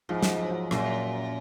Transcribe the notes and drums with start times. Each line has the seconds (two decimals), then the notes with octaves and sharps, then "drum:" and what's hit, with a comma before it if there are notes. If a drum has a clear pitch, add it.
0.09 G#2 F3
0.23 drum: snare
0.40 F#3
0.50 F3
0.71 F#2 A#2, drum: rim click